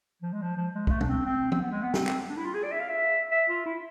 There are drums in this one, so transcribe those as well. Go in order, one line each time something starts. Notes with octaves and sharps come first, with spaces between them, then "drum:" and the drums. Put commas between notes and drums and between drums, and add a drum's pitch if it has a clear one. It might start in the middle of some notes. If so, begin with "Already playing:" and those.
F3
G#3
F3
F3
G#3
G#3, drum: kick C2
A3
D4, drum: tom
C4
C4
C4, drum: tom F3
B3
G#3
B3
C4, drum: snare
drum: clap
D4
E4
F4
G#4
D5
E5
F5
E5
E5
F4
E4